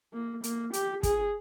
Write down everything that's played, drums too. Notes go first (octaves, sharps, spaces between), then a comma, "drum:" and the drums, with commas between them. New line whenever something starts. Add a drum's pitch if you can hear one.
A#3
A#3, drum: hi-hat
G4, drum: hi-hat
G#4, drum: kick, hi-hat